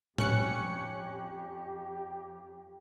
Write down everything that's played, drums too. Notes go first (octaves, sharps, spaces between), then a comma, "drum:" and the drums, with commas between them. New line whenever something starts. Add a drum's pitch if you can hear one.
F2 C#4 G4 C#6 F#6 C#7, drum: tom A2